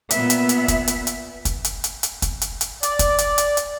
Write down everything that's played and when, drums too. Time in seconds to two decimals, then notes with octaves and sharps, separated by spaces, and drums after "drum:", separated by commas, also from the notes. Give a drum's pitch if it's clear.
0.10 A#2 B3 E5, drum: hi-hat
0.30 drum: hi-hat
0.49 drum: hi-hat
0.68 drum: kick, hi-hat
0.87 drum: hi-hat
1.07 drum: hi-hat
1.45 drum: kick, hi-hat
1.64 drum: hi-hat
1.84 drum: hi-hat
2.03 drum: hi-hat
2.22 drum: kick, hi-hat
2.41 drum: hi-hat
2.61 drum: hi-hat
2.83 D5, drum: hi-hat
2.99 drum: kick, hi-hat
3.18 drum: hi-hat
3.38 drum: hi-hat
3.57 drum: hi-hat